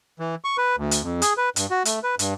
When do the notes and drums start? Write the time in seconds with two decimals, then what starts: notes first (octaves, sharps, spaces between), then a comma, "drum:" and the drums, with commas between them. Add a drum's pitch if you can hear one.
0.20 E3
0.45 C#6
0.58 B4
0.77 D2
0.91 drum: hi-hat
1.03 F2
1.22 G#4, drum: hi-hat
1.37 B4
1.56 G2, drum: hi-hat
1.71 F#4
1.85 A3, drum: hi-hat
2.03 B4
2.19 G2, drum: hi-hat